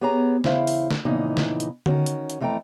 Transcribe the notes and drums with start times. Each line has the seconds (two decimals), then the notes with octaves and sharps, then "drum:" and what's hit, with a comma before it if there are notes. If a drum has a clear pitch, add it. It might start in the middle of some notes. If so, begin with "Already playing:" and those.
0.01 B3 G4 G#4 C#5 G#5 A#5
0.44 E2 C#3 E4 C5 E5 F5, drum: snare
0.67 drum: open hi-hat
0.91 drum: snare
1.05 F2 A#2 C#3 E3 B3 D#4
1.37 drum: snare
1.60 drum: hi-hat
1.86 D#3 C#4 F#4, drum: tom D3
2.06 drum: hi-hat
2.30 drum: hi-hat
2.40 F2 E3 A3 A4 G5 A#5